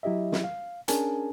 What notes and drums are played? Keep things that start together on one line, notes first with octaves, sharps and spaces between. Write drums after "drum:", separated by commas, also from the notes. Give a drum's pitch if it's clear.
F#3 E4 G4 D#5 E5
drum: snare
F5
C#4 D4 G#4 A#4 G#5 A5, drum: hi-hat